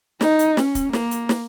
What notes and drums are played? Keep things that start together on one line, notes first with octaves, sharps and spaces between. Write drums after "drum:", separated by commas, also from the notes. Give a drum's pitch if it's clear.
D#4, drum: snare
drum: hi-hat
C#4, drum: snare
drum: kick, hi-hat
A#3, drum: snare
drum: hi-hat
drum: snare